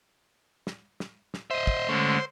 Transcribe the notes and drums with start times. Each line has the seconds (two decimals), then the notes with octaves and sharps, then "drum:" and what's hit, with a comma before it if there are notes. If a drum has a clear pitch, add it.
0.67 drum: snare
1.00 drum: snare
1.34 drum: snare
1.51 C5 D#5 E5
1.67 drum: kick
1.89 D3 G#3 A3 C#4